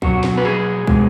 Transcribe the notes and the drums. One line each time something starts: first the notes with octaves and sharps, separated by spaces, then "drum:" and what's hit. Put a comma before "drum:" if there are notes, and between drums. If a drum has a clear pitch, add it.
B2 F#3 F#4, drum: kick
drum: snare
B4
G#4
B2 G#3, drum: kick